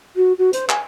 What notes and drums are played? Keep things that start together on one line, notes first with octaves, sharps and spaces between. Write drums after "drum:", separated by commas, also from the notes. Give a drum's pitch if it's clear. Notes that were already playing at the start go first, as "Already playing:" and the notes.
F#4
F#4
C5, drum: hi-hat
G#5, drum: clap